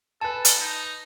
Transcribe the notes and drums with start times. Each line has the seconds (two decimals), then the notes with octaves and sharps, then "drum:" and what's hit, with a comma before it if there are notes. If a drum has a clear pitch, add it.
0.21 A4 B4 G#5 A5
0.45 drum: hi-hat
0.60 D#4